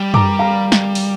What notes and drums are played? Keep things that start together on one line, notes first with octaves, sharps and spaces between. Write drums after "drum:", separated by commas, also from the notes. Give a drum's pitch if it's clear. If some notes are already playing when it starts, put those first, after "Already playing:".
Already playing: G3
A#5 D6, drum: tom F#2
F5 A#5
drum: snare
drum: open hi-hat